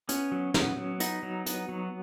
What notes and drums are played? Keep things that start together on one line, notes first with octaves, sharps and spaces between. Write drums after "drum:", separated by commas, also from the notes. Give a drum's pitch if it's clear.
B3 C#4, drum: hi-hat
F#3
B3, drum: snare
F#3
B3 D#4, drum: hi-hat
F#3
B3, drum: hi-hat
F#3